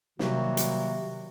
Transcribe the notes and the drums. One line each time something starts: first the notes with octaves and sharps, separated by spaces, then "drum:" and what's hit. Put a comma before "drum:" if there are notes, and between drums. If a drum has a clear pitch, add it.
C3 D#3 F#3 G3 A#3 F#4, drum: snare
drum: hi-hat